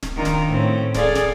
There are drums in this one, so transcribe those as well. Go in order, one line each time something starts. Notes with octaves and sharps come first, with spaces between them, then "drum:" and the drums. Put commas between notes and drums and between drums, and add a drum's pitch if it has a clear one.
drum: snare
D#3 D4 D#4 F4 A#4
drum: snare
A2 C4 C#4
G#4 A4 D5 F5, drum: snare
drum: snare